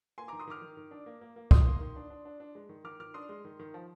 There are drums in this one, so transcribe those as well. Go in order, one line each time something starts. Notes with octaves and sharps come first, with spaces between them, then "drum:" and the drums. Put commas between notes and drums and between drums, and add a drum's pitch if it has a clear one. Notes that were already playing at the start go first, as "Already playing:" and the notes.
A#3 G#5 C6
D#3 A#5 D6
C6 D#6
D#3 D6 F6
D#3
D#3
D4
A#3
A#3
A#3
D#3 C6 D#6, drum: kick
A#3
D#3
D4
D4
D4
D4
G#3
D#3
D#3 D6 F6
D#3 D6 F6
D4 C6 D#6
G#3
D#3
D#3
F3